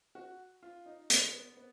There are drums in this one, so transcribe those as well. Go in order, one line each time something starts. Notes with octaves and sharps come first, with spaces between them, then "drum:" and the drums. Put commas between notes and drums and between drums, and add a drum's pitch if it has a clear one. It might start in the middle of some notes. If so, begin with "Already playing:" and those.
F#4
F4
D#4
B3, drum: hi-hat
B3
B3